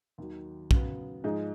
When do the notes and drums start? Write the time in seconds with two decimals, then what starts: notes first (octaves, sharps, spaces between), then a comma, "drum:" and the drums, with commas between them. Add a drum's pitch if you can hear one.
0.18 D#2 D#3 F#3
0.71 C#3 F#3 B3, drum: kick
1.24 G#2 F3 G#3 D#4 G#4